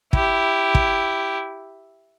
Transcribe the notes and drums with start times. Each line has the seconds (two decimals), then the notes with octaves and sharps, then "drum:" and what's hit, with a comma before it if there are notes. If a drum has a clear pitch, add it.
0.13 E4 G4, drum: kick
0.75 drum: kick